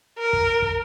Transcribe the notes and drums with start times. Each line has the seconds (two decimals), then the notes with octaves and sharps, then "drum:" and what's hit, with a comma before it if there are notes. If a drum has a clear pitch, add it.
0.18 A#4
0.33 drum: kick
0.62 drum: kick